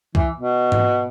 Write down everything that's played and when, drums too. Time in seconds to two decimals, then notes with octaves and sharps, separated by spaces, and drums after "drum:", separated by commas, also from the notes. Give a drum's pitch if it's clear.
0.15 E3, drum: kick C2
0.36 B2
0.72 drum: tom G#2